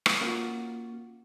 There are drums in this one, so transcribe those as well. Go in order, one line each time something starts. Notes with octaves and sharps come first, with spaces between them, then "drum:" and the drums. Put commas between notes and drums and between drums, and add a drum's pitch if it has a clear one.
drum: rim click
A#3 C#4 F4 F#4